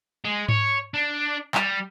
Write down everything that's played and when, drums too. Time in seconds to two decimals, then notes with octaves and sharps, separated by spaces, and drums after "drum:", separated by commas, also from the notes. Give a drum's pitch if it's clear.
0.24 G#3
0.49 C#5, drum: tom G#2
0.94 D4
1.55 G3, drum: clap